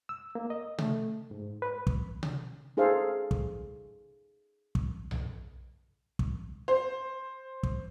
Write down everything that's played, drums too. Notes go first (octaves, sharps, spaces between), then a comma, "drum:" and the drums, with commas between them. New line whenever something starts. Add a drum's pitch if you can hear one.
E6
A#3
D#5
A3, drum: tom C3
G#2
B4
drum: kick
drum: tom C3
D#4 G#4 A4 C5 F5
drum: kick
drum: kick
drum: tom B1
drum: kick
C5
drum: kick